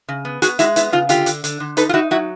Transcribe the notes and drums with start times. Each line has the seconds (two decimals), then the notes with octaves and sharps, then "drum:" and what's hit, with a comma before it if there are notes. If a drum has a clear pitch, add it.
0.08 C#3
0.25 B3
0.42 B3 F#4 G#4, drum: hi-hat
0.59 G#3 E4 F#4, drum: hi-hat
0.76 B3 E4, drum: hi-hat
0.92 C#3 F4
1.09 D3 F4 G4, drum: hi-hat
1.26 D3, drum: hi-hat
1.44 D3, drum: hi-hat
1.60 D3
1.77 D#4 A4 B4, drum: hi-hat
1.89 F4
1.94 D#4 E4 F#4
2.11 F#3 E4 F#4